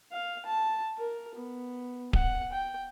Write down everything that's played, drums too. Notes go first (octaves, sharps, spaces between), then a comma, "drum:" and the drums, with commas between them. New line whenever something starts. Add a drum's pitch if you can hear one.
F5
A5
A#4
B3
F#5, drum: kick D1
G5